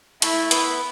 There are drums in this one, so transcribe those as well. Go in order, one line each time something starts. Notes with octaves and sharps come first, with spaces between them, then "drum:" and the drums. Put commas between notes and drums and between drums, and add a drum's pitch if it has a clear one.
A3 E4, drum: hi-hat
B3, drum: hi-hat